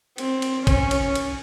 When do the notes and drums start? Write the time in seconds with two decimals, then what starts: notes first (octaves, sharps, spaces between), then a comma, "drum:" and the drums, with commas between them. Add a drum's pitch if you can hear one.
0.18 C4, drum: cymbal
0.42 drum: cymbal
0.67 C#4, drum: kick, cymbal
0.91 drum: cymbal
1.15 drum: cymbal